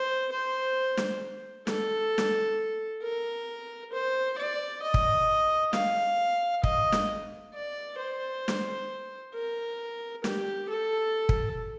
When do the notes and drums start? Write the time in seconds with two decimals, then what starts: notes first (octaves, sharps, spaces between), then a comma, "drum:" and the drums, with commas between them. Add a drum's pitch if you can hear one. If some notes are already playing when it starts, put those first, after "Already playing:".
Already playing: C5
0.32 C5
0.97 drum: snare
1.67 A4, drum: snare
2.18 drum: snare
3.02 A#4
3.92 C5
4.38 D5
4.82 D#5
4.94 drum: kick
5.73 F5, drum: snare
6.64 D#5, drum: kick
6.92 drum: snare
7.53 D5
7.98 C5
8.48 drum: snare
9.34 A#4
10.24 G4, drum: snare
10.69 A4
11.29 drum: kick